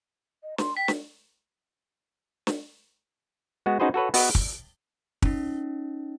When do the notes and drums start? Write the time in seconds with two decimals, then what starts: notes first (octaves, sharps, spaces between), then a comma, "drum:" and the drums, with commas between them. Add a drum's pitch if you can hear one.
0.43 D#5
0.58 C6, drum: snare
0.77 G5 B6
0.88 drum: snare
2.47 drum: snare
3.66 G#3 B3 F#4
3.80 C#4 D#4 F#4 G#4 B4 C5
3.94 F#4 A4 B4 C#5
4.14 B3 F#4 B4 D#5, drum: open hi-hat
4.35 drum: kick
5.22 C#4 D#4, drum: kick